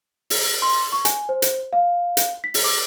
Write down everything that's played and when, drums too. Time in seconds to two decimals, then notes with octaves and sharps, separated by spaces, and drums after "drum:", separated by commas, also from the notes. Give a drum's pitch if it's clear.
0.30 drum: open hi-hat
0.62 C6
0.92 C#6
1.05 G#5, drum: hi-hat
1.29 C5
1.42 drum: hi-hat
1.73 F5
2.17 drum: hi-hat
2.44 B6
2.54 drum: open hi-hat
2.64 D6